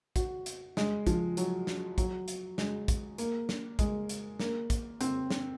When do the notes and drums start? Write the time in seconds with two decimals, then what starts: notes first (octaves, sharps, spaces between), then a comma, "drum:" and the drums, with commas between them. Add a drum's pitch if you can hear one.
0.16 F#4, drum: kick A#1, hi-hat
0.46 drum: hi-hat
0.77 G#3, drum: snare
1.07 F3, drum: kick A#1, hi-hat
1.37 F#3, drum: hi-hat
1.67 drum: snare
1.98 F#3, drum: kick A#1, hi-hat
2.28 drum: hi-hat
2.58 G#3, drum: snare
2.88 drum: kick A#1, hi-hat
3.18 A#3, drum: hi-hat
3.49 drum: snare
3.79 G#3, drum: kick A#1, hi-hat
4.09 drum: hi-hat
4.39 A#3, drum: snare
4.70 drum: kick A#1, hi-hat
5.01 C4, drum: hi-hat
5.31 drum: snare